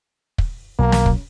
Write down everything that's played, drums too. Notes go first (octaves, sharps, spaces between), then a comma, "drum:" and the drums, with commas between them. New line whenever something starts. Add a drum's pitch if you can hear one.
drum: kick
B1 F#3 A#3
drum: snare
drum: kick